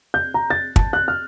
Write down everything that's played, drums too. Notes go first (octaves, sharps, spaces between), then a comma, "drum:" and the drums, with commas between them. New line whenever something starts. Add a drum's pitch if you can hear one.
G6
A#5
A6
A5, drum: kick
F#6
F6